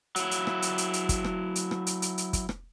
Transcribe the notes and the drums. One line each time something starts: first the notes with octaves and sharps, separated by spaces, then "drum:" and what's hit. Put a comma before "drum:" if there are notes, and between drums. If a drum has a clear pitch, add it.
F#3 E4, drum: hi-hat
drum: hi-hat
drum: rim click
drum: hi-hat
drum: hi-hat
drum: hi-hat
drum: kick, hi-hat
drum: rim click
drum: hi-hat
drum: rim click
drum: hi-hat
drum: hi-hat
drum: hi-hat
drum: kick, hi-hat
drum: rim click